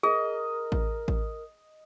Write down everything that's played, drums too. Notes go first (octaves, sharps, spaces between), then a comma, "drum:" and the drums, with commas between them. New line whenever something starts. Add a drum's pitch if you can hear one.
G#4 A#4 D#5
drum: kick A1
drum: kick A1